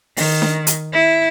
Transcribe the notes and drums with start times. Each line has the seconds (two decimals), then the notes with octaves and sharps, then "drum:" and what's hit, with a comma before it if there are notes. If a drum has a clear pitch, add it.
0.17 D#3, drum: open hi-hat
0.42 drum: snare D4
0.67 drum: hi-hat
0.93 E4